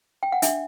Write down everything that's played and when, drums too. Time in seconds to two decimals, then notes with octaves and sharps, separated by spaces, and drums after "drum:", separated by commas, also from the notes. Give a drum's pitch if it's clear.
0.23 G5
0.32 F#5
0.42 D4 E5, drum: hi-hat